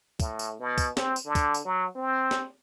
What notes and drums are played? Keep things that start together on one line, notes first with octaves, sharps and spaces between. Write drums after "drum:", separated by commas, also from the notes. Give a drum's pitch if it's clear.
A2, drum: kick, tambourine
drum: tambourine
B2
drum: kick, tambourine
C4, drum: snare
drum: tambourine
D3
drum: kick, tambourine
drum: tambourine
F#3
C4
drum: snare